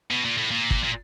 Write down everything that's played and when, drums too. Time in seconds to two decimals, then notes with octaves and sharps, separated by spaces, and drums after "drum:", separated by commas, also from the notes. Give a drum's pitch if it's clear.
0.11 B2
0.25 A#2
0.37 A2
0.51 A#2
0.71 drum: kick
0.84 A#2